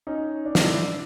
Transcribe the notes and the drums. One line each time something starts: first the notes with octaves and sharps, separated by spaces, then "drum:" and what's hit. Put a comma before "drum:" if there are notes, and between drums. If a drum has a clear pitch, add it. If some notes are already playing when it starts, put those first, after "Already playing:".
C#4 D#4
D4
D#4, drum: snare
D4 E4